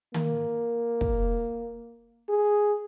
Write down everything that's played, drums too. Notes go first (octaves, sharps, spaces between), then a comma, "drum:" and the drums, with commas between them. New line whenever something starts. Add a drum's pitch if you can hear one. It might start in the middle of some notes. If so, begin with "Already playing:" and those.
A#3, drum: tom D#3
drum: kick
G#4